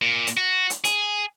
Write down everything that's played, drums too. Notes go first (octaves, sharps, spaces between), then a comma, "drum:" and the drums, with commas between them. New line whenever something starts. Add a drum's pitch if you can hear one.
A#2
drum: hi-hat
F#4
drum: hi-hat
G#4, drum: hi-hat